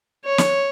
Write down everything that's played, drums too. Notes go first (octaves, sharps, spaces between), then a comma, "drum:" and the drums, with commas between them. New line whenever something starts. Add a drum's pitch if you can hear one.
C#5
drum: snare